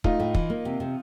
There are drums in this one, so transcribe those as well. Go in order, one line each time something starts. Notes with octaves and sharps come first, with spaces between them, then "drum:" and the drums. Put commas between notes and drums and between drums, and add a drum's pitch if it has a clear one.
A3 D#4 F4, drum: kick
A2
E3, drum: kick
A#3
C3
C3